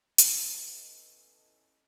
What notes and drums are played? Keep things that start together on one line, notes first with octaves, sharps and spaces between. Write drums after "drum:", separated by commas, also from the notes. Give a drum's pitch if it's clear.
B3 C#4 E4 A4 B4 D#5, drum: hi-hat